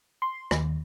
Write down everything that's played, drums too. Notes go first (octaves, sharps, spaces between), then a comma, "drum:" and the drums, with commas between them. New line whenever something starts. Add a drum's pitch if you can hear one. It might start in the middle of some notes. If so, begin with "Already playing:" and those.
C6
D#2, drum: rim click